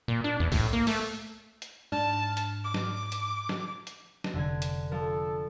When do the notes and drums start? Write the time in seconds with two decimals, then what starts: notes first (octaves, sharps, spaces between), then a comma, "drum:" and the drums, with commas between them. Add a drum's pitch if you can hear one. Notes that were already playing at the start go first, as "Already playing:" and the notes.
0.08 A#2
0.24 D4
0.40 E2
0.52 A2, drum: kick B1, open hi-hat
0.73 A#3
0.87 A3, drum: open hi-hat
1.62 drum: hi-hat
1.92 G#2 D4 A5 F6
2.37 drum: hi-hat
2.64 D6
2.74 drum: snare
3.12 drum: hi-hat
3.49 drum: snare
3.87 drum: hi-hat
4.24 drum: snare
4.34 F1 D3 G#5
4.62 drum: hi-hat
4.92 F3 A4